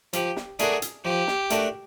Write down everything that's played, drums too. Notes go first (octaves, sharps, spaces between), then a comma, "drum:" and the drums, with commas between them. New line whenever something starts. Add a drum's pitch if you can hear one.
F3 G4, drum: hi-hat
drum: snare
A3 D4 F#4 G#4 A#4, drum: hi-hat
drum: hi-hat
F3 G4
drum: snare
A3 D4 F#4 A#4, drum: hi-hat